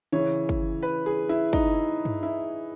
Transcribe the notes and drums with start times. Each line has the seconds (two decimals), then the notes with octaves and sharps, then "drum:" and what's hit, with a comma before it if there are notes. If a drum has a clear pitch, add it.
0.12 C#3 E3 C#5
0.49 drum: kick
0.83 B4
1.06 G#4
1.29 E4
1.53 D#4, drum: kick
2.05 drum: tom G2
2.23 E4